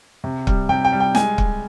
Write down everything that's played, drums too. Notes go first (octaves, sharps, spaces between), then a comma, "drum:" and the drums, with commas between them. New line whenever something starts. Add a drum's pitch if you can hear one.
C3
G3, drum: kick
C3 G5
G5
G3
G5
G#3 G#5, drum: snare
drum: kick